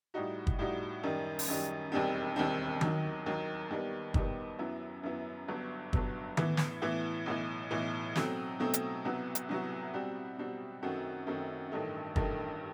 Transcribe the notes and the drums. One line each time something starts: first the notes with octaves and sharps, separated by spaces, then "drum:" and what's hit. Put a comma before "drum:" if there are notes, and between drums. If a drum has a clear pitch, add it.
A2 G3 D#4 F#4
drum: kick
A2 G3 D#4 F#4
F#2 D#3 G3
drum: open hi-hat
F#2 D#3 G3
E1 D#2 D#3 G3 C4
E1 D#2 D#3 G3 C4
D#2 D#3 F#3, drum: tom D#3
D#2 D#3 F#3
D#2 D#3 G3 B3
D#2 D#3 G3 B3, drum: kick
F#2 F#3 B3 E4
F#2 F#3 B3 E4
G1 G2 F#3 B3
G1 G2 F#3 B3, drum: kick
A2 E3 B3 E4, drum: tom D#3
drum: snare
A2 E3 B3 E4
B1 A2 E3
B1 A2 E3
B2 F#3 A3 C4, drum: snare
B2 F#3 A3 C4
drum: hi-hat
C2 C3 F#3 B3 F#4
drum: hi-hat
C2 C3 F#3 B3 F#4
B2 G3 C4 F#4
B2 G3 C4 F#4
F#2 D#3 A3 C4 F#4
F#2 D#3 A3 C4 F#4
A1 G2 D#3 A3
A1 G2 D#3 A3, drum: kick